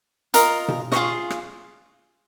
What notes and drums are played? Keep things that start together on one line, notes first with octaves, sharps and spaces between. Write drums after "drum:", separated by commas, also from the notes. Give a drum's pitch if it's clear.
F4 A#4 D#5, drum: hi-hat
drum: tom B2
F4 G#4 C5 D#5 C#6, drum: snare
drum: rim click